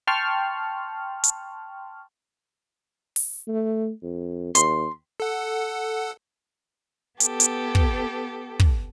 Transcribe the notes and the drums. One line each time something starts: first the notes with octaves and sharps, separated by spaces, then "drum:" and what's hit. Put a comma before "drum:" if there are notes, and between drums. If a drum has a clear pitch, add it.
G5 A5 C6 C#6 F6
drum: hi-hat
drum: open hi-hat
A3
F2
D#2 C6, drum: hi-hat
A4 F#5
B3 G4 A4, drum: hi-hat
drum: hi-hat
drum: kick
drum: kick